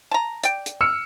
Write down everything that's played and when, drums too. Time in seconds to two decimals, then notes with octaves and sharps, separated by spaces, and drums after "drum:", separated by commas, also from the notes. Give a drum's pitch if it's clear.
0.11 A5 A#5
0.43 D5 G5, drum: hi-hat
0.66 drum: hi-hat
0.81 E6 F6 C#7